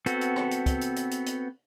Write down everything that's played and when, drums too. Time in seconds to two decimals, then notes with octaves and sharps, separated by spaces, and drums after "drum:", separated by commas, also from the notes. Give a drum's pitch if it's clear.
0.06 B3 C4 F#4 A4, drum: hi-hat
0.21 drum: hi-hat
0.36 drum: rim click
0.51 drum: hi-hat
0.66 drum: kick, hi-hat
0.81 drum: hi-hat
0.96 drum: hi-hat
1.11 drum: hi-hat
1.26 drum: hi-hat